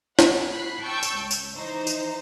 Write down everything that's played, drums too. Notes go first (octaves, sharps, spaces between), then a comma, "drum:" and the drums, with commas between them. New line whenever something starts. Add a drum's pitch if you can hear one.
C#5 F#5, drum: snare
B5 F#6 C7
G5 A5 C#6 E6 G6
drum: tambourine
C#2
drum: tambourine
E3 D#4 C5
drum: tambourine